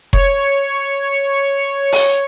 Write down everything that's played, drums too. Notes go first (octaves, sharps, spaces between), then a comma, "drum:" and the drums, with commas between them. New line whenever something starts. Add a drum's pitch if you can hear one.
C#5 C#7, drum: kick F1
drum: open hi-hat